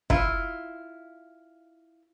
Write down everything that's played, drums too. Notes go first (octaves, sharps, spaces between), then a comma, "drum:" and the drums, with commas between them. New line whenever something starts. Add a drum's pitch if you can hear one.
E4 F4, drum: kick